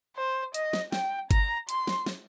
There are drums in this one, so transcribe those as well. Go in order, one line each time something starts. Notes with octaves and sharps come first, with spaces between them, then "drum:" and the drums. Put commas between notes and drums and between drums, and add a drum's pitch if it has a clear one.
C5
D#5, drum: hi-hat
drum: snare
G5, drum: snare
A#5, drum: kick G1, hi-hat
C6, drum: hi-hat
drum: snare
drum: snare